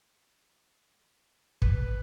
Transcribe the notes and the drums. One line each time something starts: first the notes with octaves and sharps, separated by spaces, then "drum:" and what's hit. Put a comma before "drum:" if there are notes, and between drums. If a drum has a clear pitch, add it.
B4, drum: kick